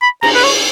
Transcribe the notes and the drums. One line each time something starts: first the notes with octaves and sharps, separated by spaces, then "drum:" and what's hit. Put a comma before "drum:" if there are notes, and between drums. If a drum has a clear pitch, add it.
B5
A#5, drum: cymbal
B4
C#5